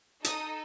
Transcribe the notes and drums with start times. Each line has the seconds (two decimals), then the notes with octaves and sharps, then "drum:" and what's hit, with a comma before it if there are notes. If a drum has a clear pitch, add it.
0.24 D#4 A4 D#6, drum: hi-hat